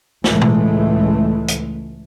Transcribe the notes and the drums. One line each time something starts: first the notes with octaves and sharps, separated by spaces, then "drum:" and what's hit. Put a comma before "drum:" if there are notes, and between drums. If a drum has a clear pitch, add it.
C#2 A2 E3 G#3 A3, drum: snare
drum: tom B2
drum: hi-hat